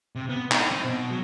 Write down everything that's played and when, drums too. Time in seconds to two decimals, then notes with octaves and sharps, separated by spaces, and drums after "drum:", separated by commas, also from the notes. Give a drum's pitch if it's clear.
0.16 C3
0.29 B3
0.52 D#4, drum: clap
0.72 C4
0.84 B2
1.10 F#3